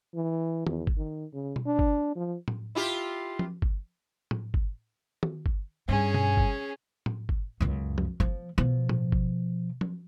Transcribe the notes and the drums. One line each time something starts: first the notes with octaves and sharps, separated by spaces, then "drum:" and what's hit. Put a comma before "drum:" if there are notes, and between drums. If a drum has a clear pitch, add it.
E3
E2, drum: tom
drum: kick G1
D#3
C#3
drum: tom B2
D4
drum: kick G1
F3
drum: tom A2
E4 F4 G4
drum: tom F3
drum: kick G1
drum: tom A2
drum: kick G1
drum: tom
drum: kick G1
G2 C#4 G#4
drum: tom B2
drum: kick G1
drum: tom A2
drum: kick G1
C#2 F#2
drum: tom F3
F3, drum: kick G1
B2 F3
drum: tom A2
drum: kick G1
drum: tom F3